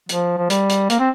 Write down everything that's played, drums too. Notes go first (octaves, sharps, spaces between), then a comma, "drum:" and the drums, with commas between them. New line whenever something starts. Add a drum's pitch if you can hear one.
F3, drum: hi-hat
F3
G3, drum: hi-hat
drum: hi-hat
A#3, drum: hi-hat
C4